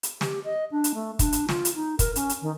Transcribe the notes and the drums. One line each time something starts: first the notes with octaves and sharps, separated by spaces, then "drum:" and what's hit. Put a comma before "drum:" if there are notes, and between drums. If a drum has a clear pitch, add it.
drum: hi-hat
G4, drum: snare
D#5
D4
drum: hi-hat
A3
D4, drum: kick, hi-hat
drum: hi-hat
F4, drum: snare
drum: hi-hat
D#4
A#4, drum: kick, hi-hat
C#4, drum: hi-hat
drum: hi-hat
D#3